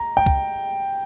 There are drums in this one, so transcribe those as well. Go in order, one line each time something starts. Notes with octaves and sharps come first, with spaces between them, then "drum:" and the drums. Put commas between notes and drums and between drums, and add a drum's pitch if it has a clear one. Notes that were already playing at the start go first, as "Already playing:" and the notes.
Already playing: A#5
G5
drum: kick C2